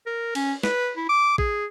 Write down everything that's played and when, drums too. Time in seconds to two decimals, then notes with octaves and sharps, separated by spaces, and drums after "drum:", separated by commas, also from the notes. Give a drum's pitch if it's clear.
0.06 A#4
0.35 C#4, drum: cymbal
0.63 B4, drum: snare
0.97 E4
1.09 D6
1.38 G#4, drum: kick